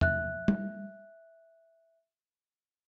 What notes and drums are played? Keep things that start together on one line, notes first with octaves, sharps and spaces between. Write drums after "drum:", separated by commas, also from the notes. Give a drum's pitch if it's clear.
E5 F#6, drum: tom
drum: tom G3